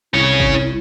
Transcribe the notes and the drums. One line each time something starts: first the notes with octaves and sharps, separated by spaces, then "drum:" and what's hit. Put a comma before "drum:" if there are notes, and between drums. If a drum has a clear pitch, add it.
C2 C#3 E4 C#5
drum: kick